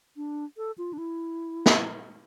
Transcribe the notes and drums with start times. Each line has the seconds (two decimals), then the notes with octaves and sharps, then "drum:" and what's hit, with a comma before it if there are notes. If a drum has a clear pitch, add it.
0.17 D4
0.57 A4
0.78 F4
0.93 D4
0.98 E4
1.66 drum: snare